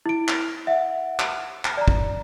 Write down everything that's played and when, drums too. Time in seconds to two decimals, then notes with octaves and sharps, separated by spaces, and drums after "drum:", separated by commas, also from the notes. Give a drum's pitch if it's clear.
0.06 E4 D7
0.28 drum: clap
0.67 E5 F#5
1.19 drum: clap
1.65 drum: clap
1.77 D5 A#5
1.88 drum: kick